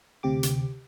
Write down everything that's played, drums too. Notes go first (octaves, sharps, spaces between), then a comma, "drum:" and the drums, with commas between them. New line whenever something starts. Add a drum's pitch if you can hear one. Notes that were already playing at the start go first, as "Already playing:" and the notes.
D2 C3 G4 D6
drum: hi-hat